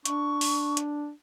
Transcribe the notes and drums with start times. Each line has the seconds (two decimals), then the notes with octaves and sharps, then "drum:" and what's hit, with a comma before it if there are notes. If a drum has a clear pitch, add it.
0.05 D4 C#6, drum: hi-hat
0.41 drum: open hi-hat
0.77 drum: hi-hat